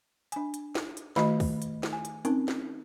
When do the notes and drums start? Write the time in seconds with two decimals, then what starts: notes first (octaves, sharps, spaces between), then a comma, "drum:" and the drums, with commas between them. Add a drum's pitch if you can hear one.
0.32 D4 G#5, drum: hi-hat
0.54 drum: hi-hat
0.75 drum: snare
0.97 drum: hi-hat
1.16 D#3 A3 F#4 D#5, drum: snare
1.40 drum: kick, open hi-hat
1.62 drum: hi-hat
1.83 drum: snare
1.93 G#5
2.05 drum: hi-hat
2.25 C4 C#4 D#4 A#4, drum: hi-hat
2.48 drum: snare